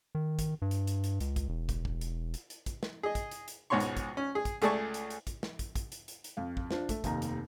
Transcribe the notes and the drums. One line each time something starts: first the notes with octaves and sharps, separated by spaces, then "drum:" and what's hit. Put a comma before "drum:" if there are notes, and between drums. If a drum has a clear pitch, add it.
D#3
drum: kick, hi-hat
G2
drum: hi-hat
drum: hi-hat
drum: hi-hat
C#2, drum: hi-hat
drum: kick, hi-hat
E1
drum: kick, hi-hat
drum: kick
drum: hi-hat
drum: hi-hat
drum: hi-hat
drum: kick, hi-hat
drum: snare
G#4 D#5
drum: kick, hi-hat
drum: hi-hat
drum: hi-hat
C#2 G#2 B2 C#5 C6 C#6
drum: hi-hat
drum: kick, hi-hat
C#4
G#4
drum: kick, hi-hat
C#2 A3 G#4 D5 A5 C#6, drum: hi-hat
drum: hi-hat
drum: hi-hat
drum: kick, hi-hat
drum: snare
drum: kick, hi-hat
drum: kick, hi-hat
drum: hi-hat
drum: hi-hat
drum: hi-hat
F2 F5
drum: kick
D4 F4 C5, drum: snare
A3, drum: kick, hi-hat
F1 D#2 D#4 A#5, drum: kick, hi-hat
drum: hi-hat